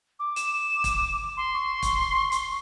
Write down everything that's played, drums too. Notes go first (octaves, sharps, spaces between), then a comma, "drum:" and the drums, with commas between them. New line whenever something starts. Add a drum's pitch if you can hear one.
D6
E7, drum: hi-hat
drum: kick, hi-hat
C6
C#6
drum: kick, hi-hat
C#6
drum: hi-hat